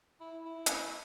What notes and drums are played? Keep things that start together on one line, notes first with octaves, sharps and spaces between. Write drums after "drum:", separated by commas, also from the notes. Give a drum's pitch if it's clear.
E4
E4
drum: hi-hat